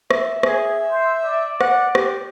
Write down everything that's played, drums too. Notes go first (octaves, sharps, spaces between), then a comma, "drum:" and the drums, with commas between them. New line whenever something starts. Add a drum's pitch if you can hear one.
E5, drum: rim click
G#4, drum: rim click
C5
D5
F#5, drum: rim click
G4, drum: rim click